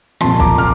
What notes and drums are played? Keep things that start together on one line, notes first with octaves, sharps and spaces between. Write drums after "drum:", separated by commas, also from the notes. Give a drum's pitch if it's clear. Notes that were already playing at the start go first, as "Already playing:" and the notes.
C2 A#2 F3 A5 C6, drum: rim click
A#5 D6, drum: kick B1
D6 F6